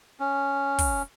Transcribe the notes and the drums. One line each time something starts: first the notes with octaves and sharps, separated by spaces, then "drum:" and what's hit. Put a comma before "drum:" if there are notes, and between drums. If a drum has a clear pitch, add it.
C#4
drum: kick, open hi-hat